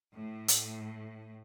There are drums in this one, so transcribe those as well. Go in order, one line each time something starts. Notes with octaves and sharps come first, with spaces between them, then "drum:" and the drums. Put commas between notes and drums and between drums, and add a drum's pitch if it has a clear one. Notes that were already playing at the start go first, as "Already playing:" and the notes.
A2
drum: hi-hat